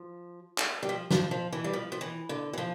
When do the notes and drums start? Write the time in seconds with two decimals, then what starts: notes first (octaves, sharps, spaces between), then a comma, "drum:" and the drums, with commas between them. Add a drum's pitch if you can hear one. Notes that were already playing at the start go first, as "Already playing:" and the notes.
Already playing: F3
0.58 drum: clap
0.83 G3
0.89 F3
1.11 F3, drum: snare
1.31 F3
1.52 E3
1.64 G3
1.73 F3
1.92 F3
2.01 E3
2.29 D3
2.53 E3
2.58 F3